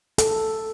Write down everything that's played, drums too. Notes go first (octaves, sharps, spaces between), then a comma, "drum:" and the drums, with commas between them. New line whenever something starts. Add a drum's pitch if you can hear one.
A4, drum: hi-hat